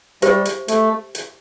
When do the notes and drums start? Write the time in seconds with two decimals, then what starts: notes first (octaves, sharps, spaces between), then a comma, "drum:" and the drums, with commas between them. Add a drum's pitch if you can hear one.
0.22 G3 G4 C5 E5, drum: hi-hat
0.45 drum: hi-hat
0.68 A3, drum: hi-hat
1.15 drum: hi-hat